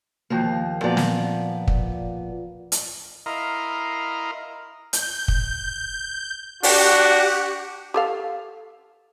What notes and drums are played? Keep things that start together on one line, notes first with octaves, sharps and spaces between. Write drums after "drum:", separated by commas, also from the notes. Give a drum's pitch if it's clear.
D#2 F3 A#3
A#2 F3 B3 D5 A#5
drum: snare
drum: kick
drum: hi-hat
E4 A#4 D#5 F5 A#5 C6
G6, drum: hi-hat
drum: kick
D4 F#4 G4 F#5, drum: open hi-hat
G4 A4 F5